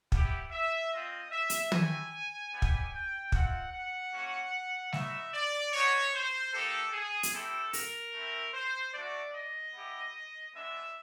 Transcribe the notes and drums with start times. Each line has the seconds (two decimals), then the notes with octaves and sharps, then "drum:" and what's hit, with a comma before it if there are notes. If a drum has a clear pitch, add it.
0.12 B3 E4 G4, drum: kick
0.51 E5
0.92 C4 F4 D#5
1.32 E5
1.50 drum: hi-hat
1.72 A3 C4 E4 G4 G#5, drum: tom
2.53 G3 B3 E4 G4
2.62 drum: kick
2.92 G5
3.32 A3 C4 F4 F#5, drum: kick
3.73 F#5
4.13 A#3 C#4 F#4
4.93 B3 D#4 F#4 E5, drum: snare G3
5.34 D5
5.73 B3 D#4 F#4 C#5
6.14 C5
6.53 A#3 D#4 G4 A4
6.93 G#4
7.23 drum: hi-hat
7.34 C4 E4 G4 A4
7.73 A#4, drum: open hi-hat
8.14 A3 C4 E4
8.53 C5
8.94 A3 D4 F#4 D5
9.34 D#5
9.74 B3 E4 G4
10.54 G#3 B3 D4 E5